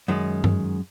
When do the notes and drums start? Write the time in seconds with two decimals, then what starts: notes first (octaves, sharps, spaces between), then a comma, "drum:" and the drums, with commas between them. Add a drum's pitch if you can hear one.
0.08 F#2 D#3 G#3
0.44 drum: tom G2